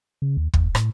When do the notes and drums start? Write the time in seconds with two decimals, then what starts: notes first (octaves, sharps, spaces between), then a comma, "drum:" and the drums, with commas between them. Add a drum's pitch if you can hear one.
0.22 C#3
0.37 D#2
0.54 E2, drum: kick
0.75 A2, drum: rim click